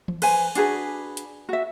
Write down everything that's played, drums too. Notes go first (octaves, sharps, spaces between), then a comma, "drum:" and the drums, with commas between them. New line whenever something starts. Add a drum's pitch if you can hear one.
drum: tom E3
B4 C5 G#5, drum: cymbal
D4 F#4 G#4 B4, drum: hi-hat
drum: hi-hat
F#4 E5